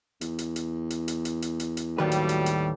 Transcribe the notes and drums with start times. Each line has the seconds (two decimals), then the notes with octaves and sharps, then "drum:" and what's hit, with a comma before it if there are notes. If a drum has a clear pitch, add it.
0.21 E2, drum: hi-hat
0.39 drum: hi-hat
0.56 drum: hi-hat
0.90 drum: hi-hat
1.08 drum: hi-hat
1.25 drum: hi-hat
1.42 drum: hi-hat
1.60 drum: hi-hat
1.77 drum: hi-hat
1.98 D#2 A2 D#3 F#3 G3 B4
2.12 drum: hi-hat
2.29 drum: hi-hat
2.46 drum: hi-hat